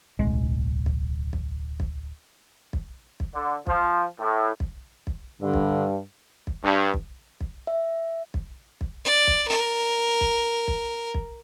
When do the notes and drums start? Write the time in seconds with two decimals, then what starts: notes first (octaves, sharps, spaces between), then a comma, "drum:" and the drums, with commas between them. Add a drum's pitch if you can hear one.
0.19 D1 B1 G#3
0.86 drum: kick
1.33 drum: kick
1.80 drum: kick
2.73 drum: kick
3.20 drum: kick
3.34 D3
3.67 F3, drum: kick
4.19 A2
4.60 drum: kick
5.07 drum: kick
5.41 G2 D3
5.54 drum: kick
6.47 drum: kick
6.64 G2
6.94 drum: kick
7.41 drum: kick
7.67 E5
8.34 drum: kick
8.81 drum: kick
9.05 D5
9.27 drum: kick
9.49 A#4
10.21 drum: kick
10.68 drum: kick
11.14 drum: kick